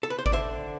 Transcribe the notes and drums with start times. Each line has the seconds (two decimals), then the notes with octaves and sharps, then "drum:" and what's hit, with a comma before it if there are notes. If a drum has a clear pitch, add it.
0.03 A4
0.10 B4
0.19 C5
0.26 D5, drum: kick G#1
0.32 D3 C5 E5